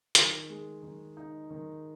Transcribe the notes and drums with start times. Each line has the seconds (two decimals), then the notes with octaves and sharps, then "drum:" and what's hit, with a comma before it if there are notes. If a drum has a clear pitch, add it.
0.15 D#3, drum: hi-hat
0.49 G#3
0.83 D#3
1.17 D#4
1.50 D#3